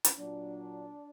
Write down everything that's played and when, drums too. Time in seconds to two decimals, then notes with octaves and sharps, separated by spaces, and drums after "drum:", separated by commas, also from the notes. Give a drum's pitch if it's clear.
0.05 drum: hi-hat
0.16 A#2 F#3 D4